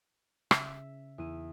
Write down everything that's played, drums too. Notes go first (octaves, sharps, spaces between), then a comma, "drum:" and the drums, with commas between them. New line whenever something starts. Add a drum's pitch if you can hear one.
C#3 E5, drum: rim click
E2 E4 D#7